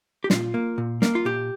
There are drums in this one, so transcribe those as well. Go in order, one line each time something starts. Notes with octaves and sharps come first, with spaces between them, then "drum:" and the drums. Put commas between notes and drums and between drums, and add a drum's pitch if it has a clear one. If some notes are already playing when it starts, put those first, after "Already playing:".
G4
A#2 F4, drum: snare
A#3
A#2
A#3, drum: snare
F4
A#2 G4